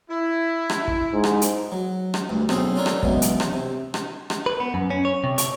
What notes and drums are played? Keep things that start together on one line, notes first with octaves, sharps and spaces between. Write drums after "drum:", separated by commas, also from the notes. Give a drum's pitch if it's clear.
E4
drum: rim click
drum: kick
G#2
drum: rim click
drum: hi-hat
F#3
drum: rim click
D2 G2
B1 C4 C#4 G#4 A4, drum: rim click
C#4 D4 F4 A4 A#4 C#5
drum: rim click
C#2 B2 E3 F#3, drum: kick
drum: hi-hat
drum: rim click
C3
drum: rim click
drum: rim click
B4
B3
F#2
C#4
C#5
C3
C#5, drum: hi-hat